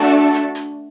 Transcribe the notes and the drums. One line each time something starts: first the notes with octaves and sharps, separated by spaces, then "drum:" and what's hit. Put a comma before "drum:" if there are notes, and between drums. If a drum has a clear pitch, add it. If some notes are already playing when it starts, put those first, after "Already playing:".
Already playing: A3 D4 F#4 A4
drum: hi-hat
drum: hi-hat